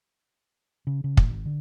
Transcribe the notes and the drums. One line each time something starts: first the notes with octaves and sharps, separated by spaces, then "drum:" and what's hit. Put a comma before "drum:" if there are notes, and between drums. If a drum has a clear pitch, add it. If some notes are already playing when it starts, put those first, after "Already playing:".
C#3
C#3
A2, drum: kick
G#1
D3